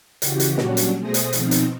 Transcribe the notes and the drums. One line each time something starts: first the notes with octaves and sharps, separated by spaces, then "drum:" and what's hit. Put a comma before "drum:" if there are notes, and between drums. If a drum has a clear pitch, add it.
C#3 E3 F#4 G4, drum: hi-hat
drum: hi-hat
A#2 F#3 G3 C#4 D4 F#4, drum: snare
drum: hi-hat
B2 A3 G#4 C5 D#6 A#6
drum: hi-hat
B2 D#3 F3 C4 D#4, drum: hi-hat
drum: hi-hat